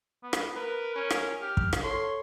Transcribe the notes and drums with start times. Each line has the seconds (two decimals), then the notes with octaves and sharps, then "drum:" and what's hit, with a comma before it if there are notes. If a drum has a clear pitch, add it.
0.23 B3
0.33 drum: rim click
0.56 A#4 B4
0.96 C#4
1.10 drum: rim click
1.42 G4 F6
1.57 drum: kick
1.73 drum: rim click
1.83 A4 C#5 C6